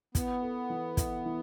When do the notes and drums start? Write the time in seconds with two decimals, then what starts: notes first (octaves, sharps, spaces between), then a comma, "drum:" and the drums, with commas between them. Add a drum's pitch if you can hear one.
0.15 B3 E4, drum: kick, hi-hat
0.42 A4
0.70 E3
0.97 E4, drum: kick, hi-hat
1.26 E3